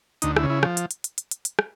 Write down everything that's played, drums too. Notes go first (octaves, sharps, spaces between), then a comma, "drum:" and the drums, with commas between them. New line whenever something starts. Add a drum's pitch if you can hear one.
D2 D#4, drum: hi-hat
E4, drum: rim click
C#3
E4
F3, drum: rim click
drum: hi-hat
drum: hi-hat
drum: hi-hat
drum: hi-hat
drum: hi-hat
drum: hi-hat
drum: rim click